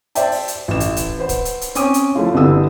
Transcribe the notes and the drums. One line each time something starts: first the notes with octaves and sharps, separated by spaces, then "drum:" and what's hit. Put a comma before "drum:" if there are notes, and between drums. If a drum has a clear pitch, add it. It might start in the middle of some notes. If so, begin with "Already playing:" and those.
C5 D5 E5 G5 A5, drum: hi-hat
drum: open hi-hat
drum: hi-hat
A1 E7
drum: hi-hat
drum: kick, hi-hat
B4 C5 F#5
drum: kick, hi-hat
drum: hi-hat
drum: hi-hat
C4 C#4 G#5 D6 D#6 D#7, drum: hi-hat
drum: hi-hat
F3 A3 E4 F4
G1 D3 E3 G4 D#6 E6